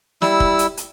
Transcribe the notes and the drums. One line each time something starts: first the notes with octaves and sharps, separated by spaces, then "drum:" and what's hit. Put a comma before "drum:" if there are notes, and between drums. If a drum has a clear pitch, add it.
G3 E4 E6, drum: snare
drum: kick
drum: hi-hat
drum: hi-hat